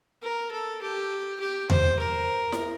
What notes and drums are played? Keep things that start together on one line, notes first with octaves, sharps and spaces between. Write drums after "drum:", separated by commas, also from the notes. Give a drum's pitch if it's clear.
A#4
A4
G4
G4
C5, drum: tom E2
A#4
drum: snare E4